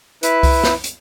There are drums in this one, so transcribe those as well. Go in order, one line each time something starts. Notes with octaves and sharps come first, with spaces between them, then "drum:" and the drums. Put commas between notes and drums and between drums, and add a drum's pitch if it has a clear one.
E4 B4, drum: hi-hat
drum: kick C2, open hi-hat
drum: snare
drum: hi-hat